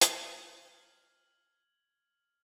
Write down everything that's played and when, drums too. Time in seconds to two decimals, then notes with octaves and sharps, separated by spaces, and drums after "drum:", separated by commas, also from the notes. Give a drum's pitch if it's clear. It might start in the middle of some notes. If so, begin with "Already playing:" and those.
0.01 F6 G#6 F#7, drum: hi-hat